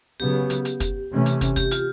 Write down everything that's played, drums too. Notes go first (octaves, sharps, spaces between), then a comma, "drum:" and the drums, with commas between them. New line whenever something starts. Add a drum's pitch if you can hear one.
C#3 F#3 B3 G4
drum: hi-hat
drum: hi-hat
drum: kick, hi-hat
C3 E3 A3 C#4
drum: hi-hat
drum: kick, hi-hat
G4, drum: kick, hi-hat
F4, drum: hi-hat